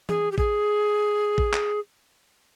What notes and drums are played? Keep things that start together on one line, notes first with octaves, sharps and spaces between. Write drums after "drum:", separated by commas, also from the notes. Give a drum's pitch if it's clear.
G#4, drum: tom E3
G4
G#4, drum: kick A1
drum: kick A1
drum: clap